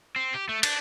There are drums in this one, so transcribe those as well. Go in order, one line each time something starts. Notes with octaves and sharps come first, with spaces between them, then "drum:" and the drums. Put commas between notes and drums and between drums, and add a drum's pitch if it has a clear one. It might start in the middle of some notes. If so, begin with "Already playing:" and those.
C4
G4
A3
D4, drum: cymbal